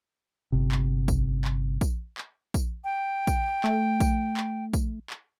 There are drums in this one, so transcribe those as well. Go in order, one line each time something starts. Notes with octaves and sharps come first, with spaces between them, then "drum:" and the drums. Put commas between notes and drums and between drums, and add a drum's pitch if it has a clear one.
G1 C3
drum: clap
drum: kick A#1, tambourine
drum: clap
drum: kick A#1, tambourine
drum: clap
drum: kick A#1, tambourine
G5
drum: kick A#1, tambourine
A3, drum: clap
drum: kick A#1, tambourine
drum: clap
drum: kick A#1, tambourine
drum: clap